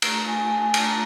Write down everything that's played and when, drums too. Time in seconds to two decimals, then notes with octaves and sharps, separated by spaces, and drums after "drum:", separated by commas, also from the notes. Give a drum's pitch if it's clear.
0.02 A3 D4 F4 A#5, drum: cymbal
0.27 G#5
0.45 A5
0.50 G#5
0.74 A3 D4 F4 A5, drum: cymbal
0.84 A#5